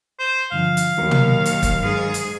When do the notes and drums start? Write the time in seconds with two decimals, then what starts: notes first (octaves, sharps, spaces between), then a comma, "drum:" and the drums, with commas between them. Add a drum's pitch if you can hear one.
0.19 C5
0.52 G2 D3 F3 F5
0.77 drum: hi-hat
0.97 D#2 D#3 F#3 A#4
1.11 drum: tom
1.46 drum: hi-hat
1.63 drum: kick, hi-hat
1.80 G#2 G#4
2.14 drum: hi-hat